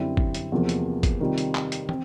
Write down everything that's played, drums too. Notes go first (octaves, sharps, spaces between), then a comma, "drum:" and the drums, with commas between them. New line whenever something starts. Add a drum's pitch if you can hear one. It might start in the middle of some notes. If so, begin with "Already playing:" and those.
Already playing: F#2 D3 G3 C4 E4
drum: kick
drum: hi-hat
E2 C3 F3 A#3
drum: hi-hat
drum: kick, hi-hat
C3 D#3 G3 C4 F4
drum: hi-hat
drum: clap
drum: hi-hat
C4, drum: tom